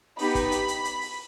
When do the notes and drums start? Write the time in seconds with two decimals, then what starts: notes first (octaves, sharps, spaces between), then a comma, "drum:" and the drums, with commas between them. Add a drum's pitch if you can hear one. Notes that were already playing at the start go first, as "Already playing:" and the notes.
0.19 B3 D#4 G4 B5, drum: open hi-hat
0.35 drum: kick, hi-hat
0.52 drum: hi-hat
0.68 drum: hi-hat
0.85 drum: hi-hat
1.01 drum: open hi-hat